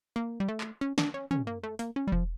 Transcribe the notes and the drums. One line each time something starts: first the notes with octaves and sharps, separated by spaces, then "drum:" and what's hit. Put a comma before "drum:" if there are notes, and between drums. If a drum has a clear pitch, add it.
A#3
G3
A3
drum: clap
C#4
D4, drum: snare
C#4
C#4, drum: tom
A#3
A3
A#3, drum: hi-hat
C#4
G3
F3, drum: kick E1